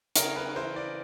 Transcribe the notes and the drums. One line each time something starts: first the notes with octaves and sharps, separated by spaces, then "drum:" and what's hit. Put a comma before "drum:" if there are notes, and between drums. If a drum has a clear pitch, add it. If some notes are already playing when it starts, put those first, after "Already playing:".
C#3 A#4, drum: hi-hat
B4
E3 C5
D5